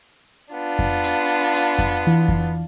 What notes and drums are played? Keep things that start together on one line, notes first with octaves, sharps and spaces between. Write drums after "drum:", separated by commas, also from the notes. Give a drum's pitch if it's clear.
B3 D4 F4
drum: kick F2
drum: hi-hat
drum: hi-hat
drum: kick F2
E3
drum: kick F2